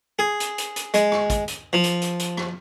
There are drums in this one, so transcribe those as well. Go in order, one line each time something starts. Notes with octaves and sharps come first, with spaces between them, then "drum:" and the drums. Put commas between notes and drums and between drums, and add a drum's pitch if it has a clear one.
G#4
drum: hi-hat
drum: hi-hat
drum: hi-hat
G#3, drum: hi-hat
drum: rim click
drum: kick, hi-hat
drum: hi-hat
F3
drum: hi-hat
drum: hi-hat
drum: hi-hat
drum: rim click